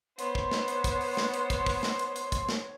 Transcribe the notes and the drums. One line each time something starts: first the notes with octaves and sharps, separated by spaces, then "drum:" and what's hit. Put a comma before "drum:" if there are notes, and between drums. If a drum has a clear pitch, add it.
B3 C5 C#5 C6, drum: hi-hat
drum: kick
drum: snare
drum: hi-hat
drum: kick, hi-hat
drum: open hi-hat
drum: snare
drum: hi-hat
drum: kick, hi-hat
drum: kick, open hi-hat
drum: snare
drum: hi-hat
drum: hi-hat
drum: kick, hi-hat
drum: snare